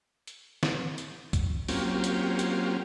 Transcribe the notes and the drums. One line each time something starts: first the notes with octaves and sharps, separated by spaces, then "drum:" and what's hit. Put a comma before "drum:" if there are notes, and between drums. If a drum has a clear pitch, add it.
drum: hi-hat
drum: snare
drum: hi-hat
drum: kick C2, hi-hat
F#3 A#3 C4 C#4 F4 G4, drum: open hi-hat
drum: hi-hat
drum: hi-hat